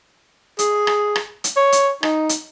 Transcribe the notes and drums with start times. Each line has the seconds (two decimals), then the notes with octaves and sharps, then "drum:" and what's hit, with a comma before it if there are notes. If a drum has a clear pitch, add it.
0.59 G#4, drum: hi-hat
0.87 drum: rim click
1.16 drum: rim click
1.44 drum: hi-hat
1.57 C#5
1.72 drum: hi-hat
2.03 D#4, drum: rim click
2.29 drum: hi-hat